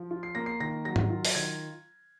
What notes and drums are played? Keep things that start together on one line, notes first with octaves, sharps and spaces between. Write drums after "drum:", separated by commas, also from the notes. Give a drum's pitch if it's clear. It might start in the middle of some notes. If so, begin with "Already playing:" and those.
Already playing: F3
F4
C7
A#3 A#6
C7
D#3 A#6
F#3 A#6
drum: tom
F4
drum: open hi-hat
D#3 G#6